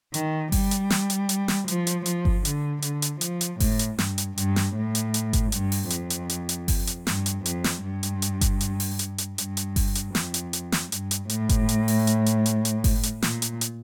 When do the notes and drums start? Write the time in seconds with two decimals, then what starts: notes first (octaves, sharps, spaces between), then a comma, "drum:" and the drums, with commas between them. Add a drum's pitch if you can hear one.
0.14 D#3, drum: hi-hat
0.52 G3, drum: kick G1, open hi-hat
0.71 drum: hi-hat
0.90 drum: snare
1.10 drum: hi-hat
1.29 drum: hi-hat
1.48 drum: snare
1.68 F3, drum: hi-hat
1.87 drum: hi-hat
2.06 F3, drum: hi-hat
2.25 drum: kick G1
2.45 D3, drum: hi-hat
2.82 D3, drum: hi-hat
3.02 drum: hi-hat
3.21 F3, drum: hi-hat
3.41 drum: hi-hat
3.60 A2, drum: kick G1, open hi-hat
3.79 drum: hi-hat
3.98 G2, drum: snare
4.18 drum: hi-hat
4.38 G2, drum: hi-hat
4.56 drum: snare
4.75 A2
4.95 drum: hi-hat
5.14 drum: hi-hat
5.33 drum: kick G1, hi-hat
5.52 G2, drum: hi-hat
5.72 drum: open hi-hat
5.90 F2, drum: hi-hat
6.10 drum: hi-hat
6.30 drum: hi-hat
6.49 drum: hi-hat
6.68 drum: kick G1, open hi-hat
6.87 drum: hi-hat
7.07 G2, drum: snare
7.26 drum: hi-hat
7.46 F2, drum: hi-hat
7.64 drum: snare
7.84 G2
8.03 drum: hi-hat
8.22 drum: hi-hat
8.41 drum: kick G1, hi-hat
8.61 drum: hi-hat
8.80 drum: open hi-hat
8.99 drum: hi-hat
9.18 drum: hi-hat
9.38 G2, drum: hi-hat
9.57 drum: hi-hat
9.76 drum: kick G1, open hi-hat
9.95 drum: hi-hat
10.15 F2, drum: snare
10.34 drum: hi-hat
10.53 drum: hi-hat
10.72 drum: snare
10.92 G2, drum: hi-hat
11.11 drum: hi-hat
11.29 A2, drum: hi-hat
11.49 drum: kick G1, hi-hat
11.69 drum: hi-hat
11.88 drum: open hi-hat
12.07 drum: hi-hat
12.26 drum: hi-hat
12.46 drum: hi-hat
12.65 drum: hi-hat
12.84 drum: kick G1, open hi-hat
13.03 drum: hi-hat
13.22 A#2, drum: snare
13.42 drum: hi-hat
13.61 drum: hi-hat